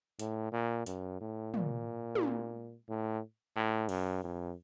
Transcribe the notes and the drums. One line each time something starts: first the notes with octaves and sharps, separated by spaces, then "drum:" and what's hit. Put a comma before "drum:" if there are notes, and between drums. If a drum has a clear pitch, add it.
A2, drum: hi-hat
A#2
F#2, drum: hi-hat
A2
A#2, drum: tom
drum: tom
A2
A2
F#2, drum: cymbal
F2